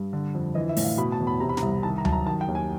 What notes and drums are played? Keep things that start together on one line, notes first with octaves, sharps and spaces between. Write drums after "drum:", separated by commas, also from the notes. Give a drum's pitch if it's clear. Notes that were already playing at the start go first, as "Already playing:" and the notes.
Already playing: G2
D3
F2
E3 D#5
E5
A2, drum: open hi-hat
F5
B2 B5
A5
E2
B5
C3 A#5
B5
A#5, drum: snare
C2
D#3 A5
A#5
F#2 A5, drum: tom D2
A#5
D#3 A5
G5
D#2
G#5